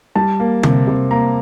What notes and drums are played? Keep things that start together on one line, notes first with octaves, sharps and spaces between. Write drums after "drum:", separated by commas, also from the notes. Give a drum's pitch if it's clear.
G3 A5
A#3
C3, drum: tom D3
C3
A#3 A#5